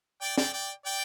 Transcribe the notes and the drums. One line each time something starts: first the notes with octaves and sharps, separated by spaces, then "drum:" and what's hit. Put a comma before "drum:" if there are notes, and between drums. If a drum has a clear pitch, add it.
D5 G5
D5 G5, drum: snare
D5 G5
D5 G5